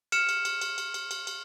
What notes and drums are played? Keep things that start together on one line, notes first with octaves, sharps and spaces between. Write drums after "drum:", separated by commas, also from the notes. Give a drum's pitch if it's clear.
F6 C#7 E7, drum: cymbal
drum: cymbal
drum: cymbal
drum: cymbal
drum: cymbal
drum: cymbal
drum: cymbal
drum: cymbal